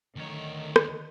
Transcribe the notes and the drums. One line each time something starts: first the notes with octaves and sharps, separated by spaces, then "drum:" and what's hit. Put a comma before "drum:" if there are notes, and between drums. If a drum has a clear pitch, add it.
D2 D3 D#3 C#5
drum: rim click